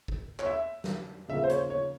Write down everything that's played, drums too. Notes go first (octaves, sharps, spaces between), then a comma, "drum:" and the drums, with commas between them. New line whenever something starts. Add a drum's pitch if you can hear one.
drum: kick G#1
C#5, drum: clap
E5
drum: snare
C#3 F3 A#3 E5
C5
C#5, drum: hi-hat
C#5